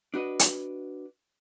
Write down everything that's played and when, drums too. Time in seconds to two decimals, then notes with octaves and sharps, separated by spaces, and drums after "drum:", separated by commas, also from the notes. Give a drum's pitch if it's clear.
0.14 D4 F#4 B4 D#5
0.39 drum: hi-hat